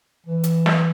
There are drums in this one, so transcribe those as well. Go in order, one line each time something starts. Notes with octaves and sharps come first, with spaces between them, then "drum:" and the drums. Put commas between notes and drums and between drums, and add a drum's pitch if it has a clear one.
E3
drum: hi-hat
drum: snare